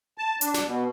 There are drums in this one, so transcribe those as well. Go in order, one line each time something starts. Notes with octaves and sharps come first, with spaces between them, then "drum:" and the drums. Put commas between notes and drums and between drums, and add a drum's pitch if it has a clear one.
A5
D4, drum: hi-hat
drum: snare
B2